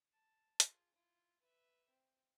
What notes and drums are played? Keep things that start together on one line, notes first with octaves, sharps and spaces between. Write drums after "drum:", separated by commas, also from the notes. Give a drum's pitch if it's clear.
A5
F4 G#4, drum: hi-hat
E4 F4
B4 E5
C4